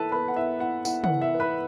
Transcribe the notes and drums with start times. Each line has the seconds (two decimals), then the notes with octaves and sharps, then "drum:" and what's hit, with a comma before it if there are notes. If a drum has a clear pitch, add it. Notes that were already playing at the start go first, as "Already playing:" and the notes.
Already playing: E3 B3 E4 A4 B4 A5
0.12 B3 B4 B5
0.28 F#5
0.36 E4 E5
0.60 E4 F#5
0.85 E4 F#5, drum: tambourine
1.04 F#5, drum: tom
1.09 E3
1.22 E5
1.34 B3
1.40 B4 B5